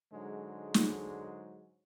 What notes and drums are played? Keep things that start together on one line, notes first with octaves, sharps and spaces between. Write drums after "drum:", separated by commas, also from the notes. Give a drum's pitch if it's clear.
G#2 D3 F#3 G#3
drum: snare